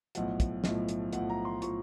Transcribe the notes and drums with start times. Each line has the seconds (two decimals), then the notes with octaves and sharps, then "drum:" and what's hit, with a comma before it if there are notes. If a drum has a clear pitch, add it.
0.15 B1 A2 F3 F#5, drum: hi-hat
0.40 drum: kick, hi-hat
0.64 B1 A2 F3, drum: snare
0.89 drum: hi-hat
1.13 B1 A2 F3 F#5, drum: hi-hat
1.30 A#5
1.45 C6
1.62 A2 F3 C#6, drum: hi-hat